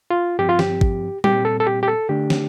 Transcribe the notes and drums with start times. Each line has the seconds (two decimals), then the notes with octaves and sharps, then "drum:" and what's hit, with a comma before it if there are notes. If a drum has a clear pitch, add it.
0.10 F4
0.39 G2 F3 C4 G4
0.49 F4
0.59 G4, drum: snare
0.81 drum: kick G#1
1.24 A#2 G3 C4 G4, drum: tom G3
1.45 A4
1.60 A4
1.67 G4
1.83 G4
1.88 A4
2.09 D3 A3 D4 G4
2.30 drum: snare